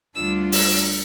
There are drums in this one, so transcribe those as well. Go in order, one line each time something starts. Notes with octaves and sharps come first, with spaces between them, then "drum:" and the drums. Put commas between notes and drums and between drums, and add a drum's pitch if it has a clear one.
D2 D3 G3 D4 F4 E6
E6, drum: open hi-hat